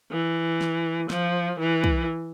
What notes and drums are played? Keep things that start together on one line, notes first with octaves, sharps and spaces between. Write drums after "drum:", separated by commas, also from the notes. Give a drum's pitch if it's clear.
E3
drum: snare
F3, drum: snare
E3
drum: kick